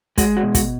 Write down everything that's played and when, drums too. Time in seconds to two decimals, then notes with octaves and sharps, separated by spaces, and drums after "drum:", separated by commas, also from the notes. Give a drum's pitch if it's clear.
0.18 G#3 F#4, drum: kick, hi-hat
0.37 F#4
0.43 B2
0.55 F#4, drum: kick, hi-hat